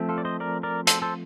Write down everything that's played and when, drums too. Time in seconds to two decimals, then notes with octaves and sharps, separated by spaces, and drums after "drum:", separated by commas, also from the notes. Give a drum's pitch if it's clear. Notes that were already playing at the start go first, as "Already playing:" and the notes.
Already playing: F3 A3 C4
0.09 F4 A4
0.18 D5
0.25 C5 D#5
0.40 A#4 D5
0.63 A#4 D5
0.87 A4 C5, drum: hi-hat
1.02 A4 C5